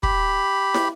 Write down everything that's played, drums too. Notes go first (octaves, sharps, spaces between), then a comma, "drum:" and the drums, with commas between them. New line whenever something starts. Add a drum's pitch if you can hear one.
G4 B5, drum: kick
drum: snare